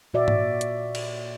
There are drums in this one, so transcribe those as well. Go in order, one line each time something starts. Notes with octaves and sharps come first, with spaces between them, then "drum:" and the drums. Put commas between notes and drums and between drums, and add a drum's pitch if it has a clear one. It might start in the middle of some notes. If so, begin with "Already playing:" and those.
A#2 F#4 D5 E5
drum: tom G#2
drum: hi-hat
drum: cymbal